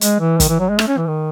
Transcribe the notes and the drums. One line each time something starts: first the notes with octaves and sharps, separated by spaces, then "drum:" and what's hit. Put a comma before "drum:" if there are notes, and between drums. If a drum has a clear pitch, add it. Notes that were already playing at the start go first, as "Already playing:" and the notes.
G#3, drum: hi-hat
E3
D#3, drum: kick, hi-hat
E3
F#3
G#3
A3, drum: rim click
C#4
E3
D#3